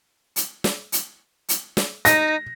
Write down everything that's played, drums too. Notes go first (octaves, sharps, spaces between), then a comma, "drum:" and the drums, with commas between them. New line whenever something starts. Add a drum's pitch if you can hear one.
drum: hi-hat
drum: snare
drum: hi-hat
drum: hi-hat
drum: snare
D#4 A#6, drum: hi-hat